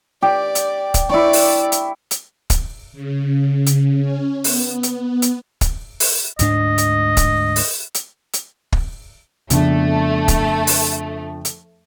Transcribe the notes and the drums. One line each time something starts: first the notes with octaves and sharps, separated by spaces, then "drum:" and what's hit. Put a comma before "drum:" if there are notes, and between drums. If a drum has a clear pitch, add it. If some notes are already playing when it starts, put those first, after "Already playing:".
G4 D5
drum: hi-hat
drum: kick, hi-hat
E4 D5 C#6
drum: open hi-hat
drum: hi-hat
drum: hi-hat
drum: kick, hi-hat
C#3
drum: hi-hat
C#4
B3, drum: open hi-hat
drum: hi-hat
drum: hi-hat
drum: kick, hi-hat
drum: open hi-hat
D2 G#2 D4 D#5, drum: hi-hat
drum: hi-hat
drum: kick, hi-hat
drum: open hi-hat
drum: hi-hat
drum: hi-hat
drum: kick
F2 C#3 A3 B3 D4, drum: hi-hat
drum: kick, hi-hat
drum: open hi-hat
drum: hi-hat